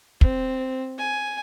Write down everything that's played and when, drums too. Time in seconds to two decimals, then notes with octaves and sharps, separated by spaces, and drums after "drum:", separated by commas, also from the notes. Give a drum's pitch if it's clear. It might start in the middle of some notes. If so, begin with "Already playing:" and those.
0.21 C4, drum: kick
0.99 G#5